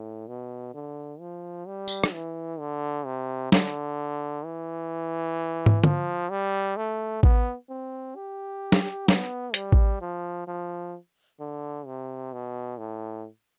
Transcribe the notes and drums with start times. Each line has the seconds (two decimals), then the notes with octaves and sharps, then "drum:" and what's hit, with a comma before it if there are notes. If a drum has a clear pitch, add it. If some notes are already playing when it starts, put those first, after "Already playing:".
Already playing: A2
0.28 B2
0.74 D3
1.20 F3
1.67 G3
1.88 drum: tambourine
2.04 drum: rim click
2.13 E3
2.59 D3
3.06 C3
3.52 D3, drum: snare
4.45 E3
5.66 drum: tom
5.84 F3, drum: tom D3
6.30 G3
6.77 A3
7.23 B3, drum: kick A1
7.70 C4
8.16 G4
8.72 drum: snare
9.08 B3, drum: snare
9.54 G3, drum: hi-hat
9.72 drum: kick A1
10.01 F3
10.47 F3
11.40 D3
11.86 C3
12.33 B2
12.78 A2